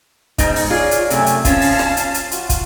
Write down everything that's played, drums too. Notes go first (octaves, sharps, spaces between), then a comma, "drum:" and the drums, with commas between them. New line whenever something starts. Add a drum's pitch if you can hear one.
G#2 B2 D#4, drum: kick, hi-hat
drum: open hi-hat
F4 G#4 C#5 D5
drum: hi-hat
F#2 C3 A3 G#5, drum: hi-hat
drum: hi-hat
F3 C#4 F5 A5, drum: kick, hi-hat
drum: open hi-hat
drum: rim click
drum: hi-hat
drum: hi-hat
F4 F#4, drum: hi-hat
drum: kick, hi-hat